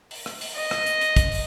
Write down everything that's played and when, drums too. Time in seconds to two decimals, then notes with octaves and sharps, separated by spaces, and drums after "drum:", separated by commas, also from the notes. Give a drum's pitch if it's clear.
0.11 drum: open hi-hat
0.26 drum: rim click
0.41 drum: open hi-hat
0.56 D#5
0.71 drum: rim click
0.86 drum: hi-hat
1.01 drum: hi-hat
1.16 drum: kick, hi-hat
1.32 drum: open hi-hat